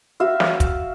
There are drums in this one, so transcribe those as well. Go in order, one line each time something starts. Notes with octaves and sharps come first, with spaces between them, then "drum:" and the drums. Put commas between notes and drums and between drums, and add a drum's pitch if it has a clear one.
F#4 E5 F5
drum: snare
drum: kick, hi-hat